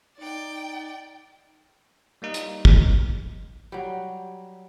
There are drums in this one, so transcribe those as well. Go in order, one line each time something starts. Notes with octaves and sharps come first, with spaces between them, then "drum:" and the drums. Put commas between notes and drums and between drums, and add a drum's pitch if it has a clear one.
D#4 D5 G5
G3 A#3 D#4
drum: hi-hat
drum: kick
F#3 G3